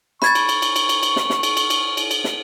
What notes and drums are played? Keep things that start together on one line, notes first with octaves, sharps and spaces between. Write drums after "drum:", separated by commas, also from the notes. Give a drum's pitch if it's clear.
B5 C#6 G#6 A6, drum: snare
drum: cymbal
drum: cymbal
drum: cymbal
drum: cymbal
drum: cymbal
drum: cymbal
drum: snare
drum: snare
drum: cymbal
drum: cymbal
drum: cymbal
drum: cymbal
drum: cymbal
drum: snare